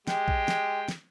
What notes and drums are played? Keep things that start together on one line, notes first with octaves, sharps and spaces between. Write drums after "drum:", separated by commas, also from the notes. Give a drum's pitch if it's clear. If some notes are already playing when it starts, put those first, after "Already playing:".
G#3 G4 G5, drum: snare
drum: kick
drum: snare
drum: snare